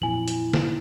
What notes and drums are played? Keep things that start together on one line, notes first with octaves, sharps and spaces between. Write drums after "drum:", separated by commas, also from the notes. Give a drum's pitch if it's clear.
F2 A#2 F#3 E4 G#5 F#7
drum: hi-hat
drum: snare